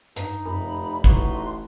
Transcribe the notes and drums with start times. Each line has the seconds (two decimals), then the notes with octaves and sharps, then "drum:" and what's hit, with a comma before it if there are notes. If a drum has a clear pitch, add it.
0.16 G2 D#4, drum: hi-hat
0.46 F1 F#2 B5
1.04 E1 A1 D#4 F#4 B4 C6, drum: kick